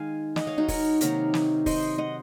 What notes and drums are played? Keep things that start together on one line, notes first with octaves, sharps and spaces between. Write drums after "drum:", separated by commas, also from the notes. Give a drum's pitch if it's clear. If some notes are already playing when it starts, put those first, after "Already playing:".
Already playing: D#3 G#3 F5 G#5
D#5 F#5, drum: snare
C#5 F5
D#4 F#4
A#4 C#5, drum: kick, open hi-hat
C3 D#3 F#3 A#3 A#4 C#5, drum: hi-hat
drum: snare
C5 D#5, drum: kick, open hi-hat
D#5 F#5